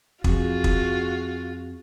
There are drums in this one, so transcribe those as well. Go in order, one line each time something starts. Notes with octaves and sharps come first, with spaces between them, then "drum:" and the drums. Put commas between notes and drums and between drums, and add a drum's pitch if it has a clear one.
F2 F4 F#4 G#4, drum: kick
drum: kick